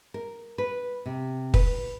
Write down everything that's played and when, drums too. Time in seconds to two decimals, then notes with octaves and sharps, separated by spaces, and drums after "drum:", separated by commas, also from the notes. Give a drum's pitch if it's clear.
0.14 A#4
0.58 B4
1.06 C3
1.54 B4, drum: kick